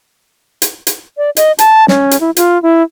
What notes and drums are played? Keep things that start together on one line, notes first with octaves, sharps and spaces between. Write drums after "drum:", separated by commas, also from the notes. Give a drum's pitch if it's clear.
drum: hi-hat
drum: hi-hat
D5
D#5, drum: hi-hat
A5, drum: hi-hat
C#4, drum: snare
drum: hi-hat
E4
F4, drum: hi-hat
E4